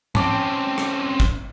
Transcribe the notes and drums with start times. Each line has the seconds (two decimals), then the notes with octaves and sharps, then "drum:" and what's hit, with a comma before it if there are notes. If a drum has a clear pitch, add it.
0.15 C4 C#4 A5 D6, drum: tom G#2
0.78 drum: rim click
1.20 drum: kick